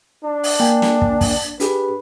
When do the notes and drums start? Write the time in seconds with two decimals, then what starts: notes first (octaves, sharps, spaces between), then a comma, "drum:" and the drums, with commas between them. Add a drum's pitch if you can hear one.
0.24 D4
0.44 drum: open hi-hat
0.60 A#3 G5 G#5
0.82 drum: snare
1.01 drum: kick
1.21 drum: kick, open hi-hat
1.60 D4 G4 G#4 B4, drum: hi-hat